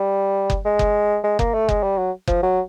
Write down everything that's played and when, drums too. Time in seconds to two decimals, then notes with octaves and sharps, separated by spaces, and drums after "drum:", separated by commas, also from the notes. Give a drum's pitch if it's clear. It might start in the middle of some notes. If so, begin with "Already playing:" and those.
Already playing: G3
0.50 drum: kick F#1
0.65 G#3
0.79 drum: kick F#1
1.24 G#3
1.39 A#3, drum: kick F#1
1.54 A3
1.69 G#3, drum: kick F#1
1.83 G3
1.98 F#3
2.27 F3, drum: kick F#1
2.43 F#3